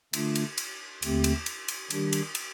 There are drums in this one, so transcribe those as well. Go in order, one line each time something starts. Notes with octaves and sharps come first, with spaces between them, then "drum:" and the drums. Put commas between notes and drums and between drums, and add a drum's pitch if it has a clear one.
D3 A3 D4 F4, drum: cymbal
drum: cymbal
drum: cymbal
D#2 D3 A3 C4 G4, drum: cymbal
drum: cymbal
drum: cymbal
drum: cymbal
D#3 G3 D4 G4, drum: cymbal
drum: cymbal
drum: cymbal